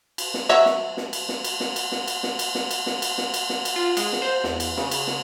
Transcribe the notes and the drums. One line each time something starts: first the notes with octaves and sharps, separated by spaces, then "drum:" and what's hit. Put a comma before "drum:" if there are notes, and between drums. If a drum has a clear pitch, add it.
drum: cymbal
drum: snare
F#3 C#5 E5
drum: snare
drum: snare
drum: cymbal
drum: snare
drum: cymbal
drum: snare
drum: cymbal
drum: snare
drum: cymbal
drum: snare
drum: cymbal
drum: snare
drum: cymbal
drum: snare
drum: cymbal
drum: snare
drum: cymbal
drum: snare
drum: cymbal
F4
G#3, drum: cymbal
drum: snare
C5
E2, drum: snare
drum: cymbal
C#3, drum: snare
drum: cymbal
drum: snare